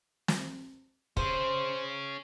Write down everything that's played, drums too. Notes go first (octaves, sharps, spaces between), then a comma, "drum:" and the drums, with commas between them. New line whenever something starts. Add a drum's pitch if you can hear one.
drum: snare
C#4 G#4 C5, drum: kick